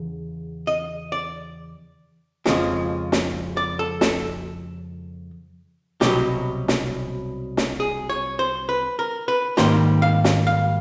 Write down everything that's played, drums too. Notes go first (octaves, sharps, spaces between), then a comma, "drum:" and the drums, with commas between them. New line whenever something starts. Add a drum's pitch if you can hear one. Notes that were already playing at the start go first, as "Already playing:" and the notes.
Already playing: E2 C#3
D#5
D5
F2 C#3 F3 G#3, drum: snare
drum: snare
D5
A4
A4, drum: snare
C2 B2 F#3 G4, drum: snare
drum: snare
drum: snare
G#4
C#5
C5
B4
A#4
B4
G#2 D#3 G3 A#3 C5, drum: snare
F5
drum: snare
F5